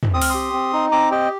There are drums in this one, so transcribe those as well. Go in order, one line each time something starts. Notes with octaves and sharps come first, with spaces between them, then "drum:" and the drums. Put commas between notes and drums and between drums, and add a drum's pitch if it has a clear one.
drum: tom
C4 D#6
F6, drum: open hi-hat
G4 C6 D#6
C4
D#4
C4 A#5 D6
G4 D#5 G5